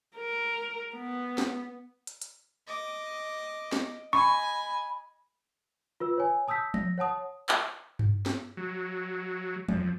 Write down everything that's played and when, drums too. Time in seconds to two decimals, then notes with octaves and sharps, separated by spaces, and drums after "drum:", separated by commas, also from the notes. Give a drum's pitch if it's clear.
0.17 A#4
0.95 B3
1.38 drum: snare
2.07 drum: hi-hat
2.22 drum: hi-hat
2.67 D#5 D6
3.72 drum: snare
4.13 D#5 G#5 B5 C#6
6.00 F4 B4 E6
6.18 C#5 G#5
6.48 A5 D#6 E6 G6 B6
6.74 A#6, drum: tom F3
6.98 C#5 F#5 A5 D#6
7.49 drum: clap
7.99 drum: tom G2
8.26 drum: snare
8.57 F#3
9.69 F2, drum: tom F3